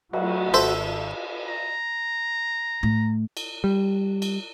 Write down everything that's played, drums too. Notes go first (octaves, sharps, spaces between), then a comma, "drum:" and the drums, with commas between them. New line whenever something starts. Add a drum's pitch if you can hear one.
F#3 A3 F#4, drum: cymbal
G#1 A4 C5 E5 B5
A#5
A2
drum: cymbal
G3
drum: cymbal